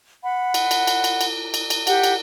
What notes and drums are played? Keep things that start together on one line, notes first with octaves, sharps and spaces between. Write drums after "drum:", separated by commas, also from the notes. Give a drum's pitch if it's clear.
F#5 B5
drum: cymbal
drum: cymbal
drum: cymbal
drum: cymbal
drum: cymbal
drum: cymbal
drum: cymbal
G4 F#5, drum: cymbal
drum: cymbal